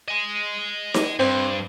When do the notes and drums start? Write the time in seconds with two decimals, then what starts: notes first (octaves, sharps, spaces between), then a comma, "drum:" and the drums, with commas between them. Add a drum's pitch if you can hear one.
0.08 D#5 G#5
0.94 drum: snare D#4
1.20 G2 C4